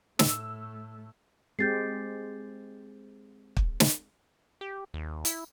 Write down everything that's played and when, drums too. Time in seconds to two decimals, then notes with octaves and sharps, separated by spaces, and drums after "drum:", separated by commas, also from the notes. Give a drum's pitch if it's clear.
0.19 A2 A3 E6, drum: snare
1.59 G#3 C4 G4 G6 A6 C7
3.57 drum: kick
3.80 drum: snare
4.61 G4
4.94 D#2
5.25 E4, drum: hi-hat